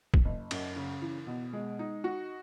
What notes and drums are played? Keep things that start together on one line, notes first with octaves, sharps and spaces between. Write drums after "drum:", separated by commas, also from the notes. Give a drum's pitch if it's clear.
drum: kick
F#1
F#2, drum: cymbal
C#3
E3
B2
G#3
D#4
F#4